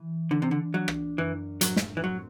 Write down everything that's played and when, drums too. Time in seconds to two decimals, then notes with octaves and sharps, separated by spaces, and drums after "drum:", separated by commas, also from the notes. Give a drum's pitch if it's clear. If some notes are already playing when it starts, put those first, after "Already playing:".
Already playing: E3
0.31 D3 D4
0.42 C3
0.51 D3
0.74 F#3 D4
0.88 drum: rim click
1.18 F#2 E3
1.61 A2 F#3, drum: hi-hat
1.76 drum: snare
1.97 E3
2.04 F#3 C4